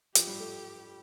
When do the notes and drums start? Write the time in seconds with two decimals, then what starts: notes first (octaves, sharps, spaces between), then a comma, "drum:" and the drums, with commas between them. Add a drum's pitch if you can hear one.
0.15 F3 G4, drum: hi-hat
0.27 G3
0.40 A3